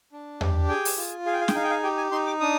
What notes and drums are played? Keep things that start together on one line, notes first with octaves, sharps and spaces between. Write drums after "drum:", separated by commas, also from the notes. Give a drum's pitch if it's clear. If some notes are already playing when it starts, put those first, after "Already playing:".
D4
G4, drum: tom E2
G#4 G5
drum: open hi-hat
F4
G#4 F5
G5
F5
G5, drum: snare
D#4 F5
G5
F5
G4 G5
G#5
D#4 C6
D6
D4 D#6